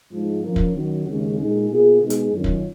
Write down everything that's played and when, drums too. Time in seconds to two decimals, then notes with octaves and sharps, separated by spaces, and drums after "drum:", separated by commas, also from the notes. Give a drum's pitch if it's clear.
0.11 G#2 F3 G#3
0.43 F3 A#3 C#4
0.56 drum: kick
0.74 D#3 F#3 C#4 F#4
1.06 D#2 C#3 G#3 C#4
1.37 A#2 G#3 D#4 G#4
1.69 B2 A#3 F4 G#4
2.01 B2 G#3 D#4 G#4
2.10 drum: hi-hat
2.31 F#2 D#3 F#3 C#4 F4
2.44 drum: kick